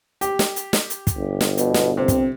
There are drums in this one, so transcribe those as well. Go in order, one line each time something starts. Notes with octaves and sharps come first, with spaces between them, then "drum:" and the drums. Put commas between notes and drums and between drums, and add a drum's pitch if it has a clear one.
G4, drum: hi-hat
drum: snare
drum: hi-hat
drum: snare
drum: hi-hat
drum: kick, hi-hat
G1
drum: snare
B2, drum: hi-hat
drum: snare
C3 C4
drum: kick, hi-hat